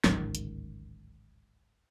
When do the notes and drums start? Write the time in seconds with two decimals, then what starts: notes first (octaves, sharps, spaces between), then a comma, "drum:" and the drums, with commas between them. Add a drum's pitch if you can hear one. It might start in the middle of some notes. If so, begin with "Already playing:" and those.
0.04 D1 G#1 C#2 D#3, drum: snare
0.35 drum: hi-hat